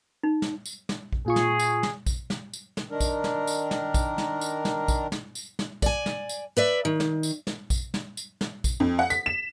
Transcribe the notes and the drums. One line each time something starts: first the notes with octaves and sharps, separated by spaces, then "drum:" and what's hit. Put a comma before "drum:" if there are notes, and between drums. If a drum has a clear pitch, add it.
D#4
drum: snare
drum: tambourine
drum: snare
drum: kick A#1
A#2 F4 G#4 C#6
drum: snare
drum: tambourine
drum: snare
drum: kick A#1, tambourine
drum: snare
drum: tambourine
drum: snare
D#3 D4 A#4
drum: kick A#1, tambourine
drum: snare
drum: tambourine
drum: snare
drum: kick A#1, tambourine
drum: snare
drum: tambourine
drum: snare
drum: kick A#1, tambourine
drum: snare
drum: tambourine
drum: snare
D5 G#5, drum: kick A#1, tambourine
drum: snare
drum: tambourine
B4 D5 E5
D#3
drum: snare
drum: tambourine
drum: snare
drum: kick A#1, tambourine
drum: snare
drum: tambourine
drum: snare
drum: kick A#1, tambourine
F2
F#5
B6, drum: tambourine
E7